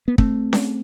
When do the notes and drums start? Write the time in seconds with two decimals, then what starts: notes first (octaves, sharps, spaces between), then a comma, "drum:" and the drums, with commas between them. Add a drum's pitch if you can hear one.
0.08 B3
0.18 A3 C4, drum: kick
0.53 drum: snare C#4